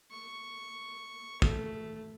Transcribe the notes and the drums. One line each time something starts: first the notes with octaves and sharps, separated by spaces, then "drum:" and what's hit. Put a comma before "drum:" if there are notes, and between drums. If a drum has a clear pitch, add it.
C#6
A3, drum: kick